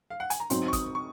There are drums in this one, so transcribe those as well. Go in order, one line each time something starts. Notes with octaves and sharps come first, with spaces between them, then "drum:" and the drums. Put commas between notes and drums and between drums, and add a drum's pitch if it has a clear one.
F5
F#5
G#5, drum: hi-hat
A#5
G#2 F#3 C4 C6, drum: hi-hat
C#6
D#6, drum: kick, hi-hat
C#6